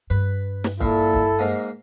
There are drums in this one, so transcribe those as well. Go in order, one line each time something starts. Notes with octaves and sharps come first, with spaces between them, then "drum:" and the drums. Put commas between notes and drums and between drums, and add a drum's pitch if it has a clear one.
G2 B4
drum: snare
A#2 E4 A4, drum: kick
drum: kick
G#2 A#3 D#6